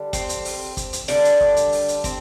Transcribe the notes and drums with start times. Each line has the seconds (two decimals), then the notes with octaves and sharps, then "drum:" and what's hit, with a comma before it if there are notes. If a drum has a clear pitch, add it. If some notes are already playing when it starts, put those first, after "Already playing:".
Already playing: D3 G3
0.13 C4, drum: kick, hi-hat
0.29 drum: hi-hat
0.45 drum: open hi-hat
0.77 drum: kick, hi-hat
0.93 drum: hi-hat
1.08 D3 G3 D4, drum: open hi-hat
1.25 drum: hi-hat
1.41 drum: kick
1.56 drum: hi-hat
1.72 drum: open hi-hat
1.88 drum: hi-hat
2.04 C4, drum: kick, hi-hat